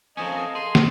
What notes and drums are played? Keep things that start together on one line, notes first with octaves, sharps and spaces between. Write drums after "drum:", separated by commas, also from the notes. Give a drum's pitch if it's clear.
F3 C4 C#4 A4 A#4 D#5 F5 G#5
G#4 C6
drum: snare